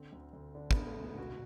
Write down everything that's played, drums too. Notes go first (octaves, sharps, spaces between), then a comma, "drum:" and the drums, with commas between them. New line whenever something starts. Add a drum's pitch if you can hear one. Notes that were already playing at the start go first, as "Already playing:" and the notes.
Already playing: D3 C4
D2
D2
D3 D4
D3 B3, drum: kick
A3
D2
B3
B2 F#4